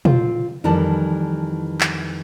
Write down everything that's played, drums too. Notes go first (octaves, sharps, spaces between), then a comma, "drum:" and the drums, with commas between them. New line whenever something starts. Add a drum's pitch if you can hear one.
C4 F4, drum: tom
F2 D#3 E3 G3 A5
drum: clap